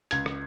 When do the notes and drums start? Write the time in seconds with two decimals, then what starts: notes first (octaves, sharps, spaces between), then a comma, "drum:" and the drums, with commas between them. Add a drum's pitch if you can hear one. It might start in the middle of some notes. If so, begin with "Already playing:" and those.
0.11 C#2 G#6, drum: hi-hat
0.26 drum: rim click